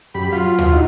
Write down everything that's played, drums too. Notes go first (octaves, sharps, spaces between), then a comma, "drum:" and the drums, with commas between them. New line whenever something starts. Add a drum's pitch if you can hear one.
F#2 G4 B5
F#3 F4 F5
drum: tom
D#4 E4 F#4